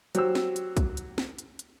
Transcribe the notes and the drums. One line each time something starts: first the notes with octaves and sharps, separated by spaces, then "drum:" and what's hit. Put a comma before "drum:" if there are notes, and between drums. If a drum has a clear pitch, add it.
F#3 G4 C5 E6, drum: hi-hat
drum: snare
drum: hi-hat
drum: kick, hi-hat
drum: hi-hat
drum: snare
drum: hi-hat
drum: hi-hat